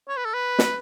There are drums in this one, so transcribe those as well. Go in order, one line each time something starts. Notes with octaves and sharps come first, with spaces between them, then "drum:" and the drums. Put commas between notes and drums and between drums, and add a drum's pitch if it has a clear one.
C#5
B4
A4
B4
drum: snare